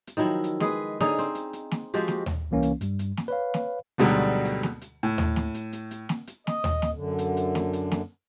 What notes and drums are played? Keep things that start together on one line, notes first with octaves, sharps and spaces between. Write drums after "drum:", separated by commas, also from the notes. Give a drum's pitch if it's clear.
drum: hi-hat
D#3 F3 F#3 E4
drum: hi-hat
G#3 G#4 B4, drum: snare
D3 C#4 D#4 G#4, drum: snare
C4, drum: hi-hat
drum: hi-hat
drum: hi-hat
drum: snare
F3 G#3 F#4 G4
drum: snare
drum: tom D#2
C2 E3 A#3 C#4
drum: hi-hat
G2 G3, drum: hi-hat
drum: hi-hat
drum: snare
B4 C#5 F5
drum: snare
D2 G#2 B2 D3 F#3 G3
drum: hi-hat
drum: hi-hat
drum: snare
drum: hi-hat
A2
drum: tom D#2
drum: snare
drum: hi-hat
drum: hi-hat
drum: hi-hat
drum: snare
drum: hi-hat
D#5, drum: snare
drum: tom D#2
drum: snare
F#2 D3
drum: hi-hat
drum: hi-hat
drum: snare
drum: hi-hat
drum: snare